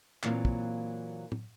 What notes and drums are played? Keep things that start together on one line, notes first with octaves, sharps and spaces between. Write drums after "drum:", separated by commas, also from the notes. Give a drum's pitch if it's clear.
A#2 E3 F#3 A#3 C4 F4, drum: clap
drum: kick
drum: tom